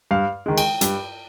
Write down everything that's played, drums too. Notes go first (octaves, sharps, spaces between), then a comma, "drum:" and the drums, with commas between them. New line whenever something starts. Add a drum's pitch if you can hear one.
G2 F5
D#3 G#3
G5, drum: cymbal
G2, drum: hi-hat